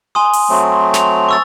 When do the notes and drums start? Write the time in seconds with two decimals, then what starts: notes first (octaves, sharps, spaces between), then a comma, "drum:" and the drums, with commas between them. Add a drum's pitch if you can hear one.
0.15 G#5 C6 D#6
0.33 drum: open hi-hat
0.50 F#3 A3 C4
0.94 F7, drum: snare
1.29 C#6 E6 A6